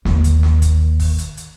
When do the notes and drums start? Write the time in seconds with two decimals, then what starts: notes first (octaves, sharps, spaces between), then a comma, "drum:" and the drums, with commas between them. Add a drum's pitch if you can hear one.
0.05 D#2, drum: snare
0.24 drum: kick, hi-hat
0.43 drum: snare
0.62 drum: kick, hi-hat
1.00 drum: kick, open hi-hat
1.18 drum: hi-hat
1.37 drum: hi-hat